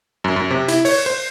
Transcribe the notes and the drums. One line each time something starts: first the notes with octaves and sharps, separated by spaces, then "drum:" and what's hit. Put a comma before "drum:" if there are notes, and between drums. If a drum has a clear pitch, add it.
F#2
F#2
C3
E4, drum: hi-hat
C#5, drum: open hi-hat
C5